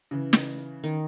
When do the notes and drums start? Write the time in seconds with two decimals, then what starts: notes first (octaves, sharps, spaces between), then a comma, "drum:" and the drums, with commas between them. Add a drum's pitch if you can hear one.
0.11 C#3 E3
0.33 drum: snare
0.84 D#3